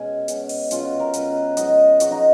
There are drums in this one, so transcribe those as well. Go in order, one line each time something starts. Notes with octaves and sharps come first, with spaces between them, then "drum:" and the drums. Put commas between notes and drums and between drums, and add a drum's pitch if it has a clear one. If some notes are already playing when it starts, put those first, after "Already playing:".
Already playing: B2 G#3 C#4 G#4
B2 G#3 C#4, drum: hi-hat
drum: open hi-hat
B2 G#3 C#4 F4, drum: hi-hat
F#4
A#4
B2 G#3 C#4 B4, drum: hi-hat
F3 G#3 B3 D#4 D#5, drum: hi-hat
F3 G#3 B3 D#4 F#4, drum: hi-hat
D#4